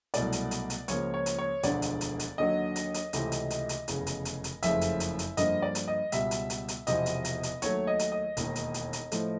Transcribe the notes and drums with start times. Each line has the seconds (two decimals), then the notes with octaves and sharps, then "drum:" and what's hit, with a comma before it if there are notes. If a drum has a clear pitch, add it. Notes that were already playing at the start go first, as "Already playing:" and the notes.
0.14 C2 B2 F#3 A3 D5, drum: hi-hat
0.32 drum: hi-hat
0.51 drum: hi-hat
0.70 drum: hi-hat
0.88 C#2 C#3 F3 A#3 C#5, drum: hi-hat
1.14 C#5
1.26 drum: hi-hat
1.39 C#5
1.63 E1 D2 D3 F3 G#3 D5, drum: hi-hat
1.82 drum: hi-hat
2.01 drum: hi-hat
2.19 drum: hi-hat
2.38 D#2 D3 F#3 D#5
2.76 drum: hi-hat
2.94 drum: hi-hat
3.13 C#2 C3 E3 A3, drum: hi-hat
3.32 drum: hi-hat
3.50 drum: hi-hat
3.69 drum: hi-hat
3.88 F1 E2 C#3, drum: hi-hat
4.07 drum: hi-hat
4.25 drum: hi-hat
4.44 drum: hi-hat
4.63 F#1 F2 C#3 F3 A3 E5, drum: hi-hat
4.81 drum: hi-hat
5.00 drum: hi-hat
5.19 drum: hi-hat
5.37 G2 D3 F3 A#3 D#5, drum: hi-hat
5.62 D5
5.75 drum: hi-hat
5.88 D#5
6.12 C#2 B2 G3 E5, drum: hi-hat
6.31 drum: hi-hat
6.50 drum: hi-hat
6.68 drum: hi-hat
6.87 E1 E2 C3 F3 D#5, drum: hi-hat
7.06 drum: hi-hat
7.25 drum: hi-hat
7.43 drum: hi-hat
7.62 D#2 D#3 F#3 A3 C#5, drum: hi-hat
7.87 D#5
7.99 drum: hi-hat
8.12 D#5
8.37 E1 D#2 D#3, drum: hi-hat
8.56 drum: hi-hat
8.74 drum: hi-hat
8.93 drum: hi-hat
9.12 A2 F3 A3, drum: hi-hat